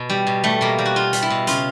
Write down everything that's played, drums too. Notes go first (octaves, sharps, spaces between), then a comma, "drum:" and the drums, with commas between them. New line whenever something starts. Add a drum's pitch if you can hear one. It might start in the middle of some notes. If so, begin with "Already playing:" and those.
Already playing: B2
G3
B2
G3 A3
B2 A#3
G3
F#4
B2 F4
G3, drum: hi-hat
E4
B2
C#3 F4, drum: hi-hat